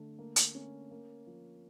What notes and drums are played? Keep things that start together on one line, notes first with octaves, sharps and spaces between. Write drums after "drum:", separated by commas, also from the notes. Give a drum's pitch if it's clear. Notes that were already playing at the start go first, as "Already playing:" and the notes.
Already playing: D3 A3
A#3
drum: hi-hat
C#4
A#3
F3